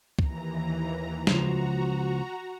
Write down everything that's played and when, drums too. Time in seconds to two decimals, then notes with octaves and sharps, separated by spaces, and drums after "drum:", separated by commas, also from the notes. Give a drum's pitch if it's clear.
0.19 D#2 E3 A#5, drum: kick C#2
1.27 C#2 F#2 F3 F#4 A#5, drum: snare